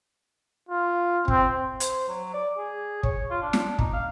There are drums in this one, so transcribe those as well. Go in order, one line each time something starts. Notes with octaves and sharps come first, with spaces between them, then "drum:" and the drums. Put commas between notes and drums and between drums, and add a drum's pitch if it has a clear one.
F4
C4, drum: kick
C5, drum: hi-hat
F#3
D5
G#4
C#5, drum: kick
F4
D4
drum: snare
D#4, drum: kick
F5